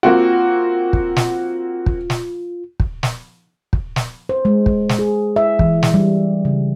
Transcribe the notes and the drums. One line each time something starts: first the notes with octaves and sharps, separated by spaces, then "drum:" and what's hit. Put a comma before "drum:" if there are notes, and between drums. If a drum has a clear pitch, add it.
A#3 C4 F4 F#4
drum: kick
drum: snare
drum: kick
drum: snare
drum: kick
drum: snare
drum: kick
drum: snare
C5
G#3
drum: kick
drum: snare
G#4
E5
E3, drum: kick
drum: snare
G3
C#3